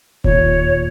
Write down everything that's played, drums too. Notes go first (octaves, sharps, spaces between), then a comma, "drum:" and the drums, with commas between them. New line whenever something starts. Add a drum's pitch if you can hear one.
D#2 A#2 C#5, drum: kick E1